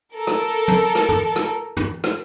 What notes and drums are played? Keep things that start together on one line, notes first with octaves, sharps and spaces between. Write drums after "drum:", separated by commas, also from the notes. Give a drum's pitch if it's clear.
A4 A#4
drum: rim click
drum: tom
drum: rim click
drum: tom
drum: rim click
drum: tom
drum: rim click